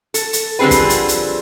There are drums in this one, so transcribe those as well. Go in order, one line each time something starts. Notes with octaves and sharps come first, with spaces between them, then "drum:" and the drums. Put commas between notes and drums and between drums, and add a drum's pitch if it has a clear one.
A4, drum: hi-hat
drum: hi-hat
D3 F3 G3 C4 G#4 B4
drum: kick, hi-hat
drum: hi-hat
drum: hi-hat